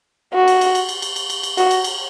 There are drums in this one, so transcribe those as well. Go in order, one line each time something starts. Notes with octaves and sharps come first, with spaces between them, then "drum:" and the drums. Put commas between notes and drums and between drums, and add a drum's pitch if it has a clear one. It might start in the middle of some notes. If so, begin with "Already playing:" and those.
F#4
drum: cymbal
drum: cymbal
drum: cymbal
drum: cymbal
drum: cymbal
drum: cymbal
drum: cymbal
drum: cymbal
F#4, drum: cymbal
drum: cymbal
drum: cymbal